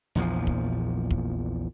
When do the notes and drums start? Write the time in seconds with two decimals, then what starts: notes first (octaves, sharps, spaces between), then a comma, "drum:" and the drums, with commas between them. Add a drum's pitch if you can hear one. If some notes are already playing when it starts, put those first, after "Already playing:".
0.15 A#1 E2 A#2 F3
0.47 drum: kick
1.11 drum: kick